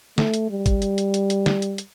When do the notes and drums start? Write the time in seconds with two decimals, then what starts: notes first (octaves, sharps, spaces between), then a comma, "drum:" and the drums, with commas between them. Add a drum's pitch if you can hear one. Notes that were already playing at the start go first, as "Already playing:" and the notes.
0.18 A3, drum: snare
0.34 drum: hi-hat
0.50 G3
0.66 drum: kick, hi-hat
0.82 drum: hi-hat
0.98 drum: hi-hat
1.14 drum: hi-hat
1.30 drum: hi-hat
1.46 drum: snare
1.62 drum: hi-hat
1.78 drum: hi-hat